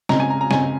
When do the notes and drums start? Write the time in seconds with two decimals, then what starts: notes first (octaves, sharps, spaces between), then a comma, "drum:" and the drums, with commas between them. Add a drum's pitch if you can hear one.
0.09 C#3 G#3 C4 A#5, drum: snare
0.20 G#5
0.30 A#5
0.41 A#5
0.51 C#3 G#3 C4 G#5, drum: snare